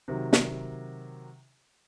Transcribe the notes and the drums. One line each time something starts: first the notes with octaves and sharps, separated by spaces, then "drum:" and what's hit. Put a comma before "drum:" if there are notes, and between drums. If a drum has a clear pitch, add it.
C3 D#3 F#3
drum: snare